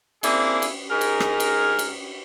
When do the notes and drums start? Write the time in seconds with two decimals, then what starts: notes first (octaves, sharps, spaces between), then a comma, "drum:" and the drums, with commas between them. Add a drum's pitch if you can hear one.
0.23 A#3 C4 D4 E4 G#4, drum: cymbal
0.62 drum: cymbal
0.89 G#2 G#4 A#4
1.01 drum: cymbal
1.20 drum: rim click
1.40 drum: cymbal
1.79 drum: cymbal